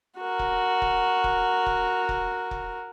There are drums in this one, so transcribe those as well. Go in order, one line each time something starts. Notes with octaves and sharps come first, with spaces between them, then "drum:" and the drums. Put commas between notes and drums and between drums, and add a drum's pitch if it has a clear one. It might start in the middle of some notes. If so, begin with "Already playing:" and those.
F#4 A#4
drum: kick F1
drum: kick F1
drum: kick F1
drum: kick F1
drum: kick F1
drum: kick F1